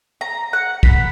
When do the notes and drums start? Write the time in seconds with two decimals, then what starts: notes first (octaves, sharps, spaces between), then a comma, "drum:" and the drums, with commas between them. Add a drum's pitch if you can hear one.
0.21 A#5
0.53 F#5
0.83 B5, drum: kick